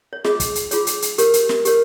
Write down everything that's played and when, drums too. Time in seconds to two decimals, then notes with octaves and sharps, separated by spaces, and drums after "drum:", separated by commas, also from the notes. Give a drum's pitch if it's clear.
0.13 C#5
0.24 F4 G#4 C#5 D#5, drum: snare
0.40 drum: kick, hi-hat
0.55 drum: hi-hat
0.71 F4 G#4 C#5, drum: hi-hat
0.87 drum: hi-hat
1.02 drum: hi-hat
1.18 G4 A#4 C#5, drum: hi-hat
1.34 drum: hi-hat
1.49 drum: snare
1.65 G4 A#4 C#5, drum: hi-hat